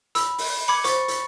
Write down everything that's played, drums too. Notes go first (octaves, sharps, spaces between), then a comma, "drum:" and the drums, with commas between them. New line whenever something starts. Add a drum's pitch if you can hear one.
B5 E6, drum: hi-hat
drum: open hi-hat
B5 D6 G#6 C#7
C5 C#6 A6, drum: hi-hat
drum: hi-hat